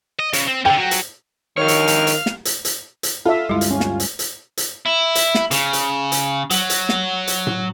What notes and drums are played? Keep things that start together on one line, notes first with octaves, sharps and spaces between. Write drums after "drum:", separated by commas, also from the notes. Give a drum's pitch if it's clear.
D#5
C#3, drum: hi-hat
C4
D3 C#4 G5
F#3 F#4
drum: hi-hat
D#3 A#4 C#5 F5 F6
drum: hi-hat
drum: hi-hat
drum: hi-hat
drum: snare
drum: hi-hat
drum: hi-hat
drum: hi-hat
F4 A4 E5
D2 G2 G3 G#3 E4
drum: hi-hat
C#4
drum: snare
drum: hi-hat
drum: hi-hat
drum: hi-hat
E4
drum: hi-hat
drum: snare
C#3, drum: hi-hat
drum: hi-hat
drum: hi-hat
F#3, drum: hi-hat
drum: hi-hat
drum: snare
drum: hi-hat
drum: tom A2